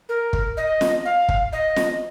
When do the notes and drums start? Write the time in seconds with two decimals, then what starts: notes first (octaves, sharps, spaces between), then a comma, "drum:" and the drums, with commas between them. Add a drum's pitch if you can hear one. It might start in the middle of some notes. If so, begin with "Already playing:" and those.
0.09 A#4
0.33 drum: kick
0.57 D#5
0.81 drum: snare
1.05 F5
1.29 drum: kick
1.53 D#5
1.76 drum: snare